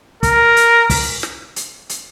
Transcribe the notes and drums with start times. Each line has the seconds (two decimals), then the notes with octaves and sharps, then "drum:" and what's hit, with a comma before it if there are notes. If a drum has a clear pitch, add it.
0.23 A#4, drum: kick, hi-hat
0.57 drum: hi-hat
0.90 drum: kick, open hi-hat
1.23 drum: snare
1.56 drum: hi-hat
1.89 drum: hi-hat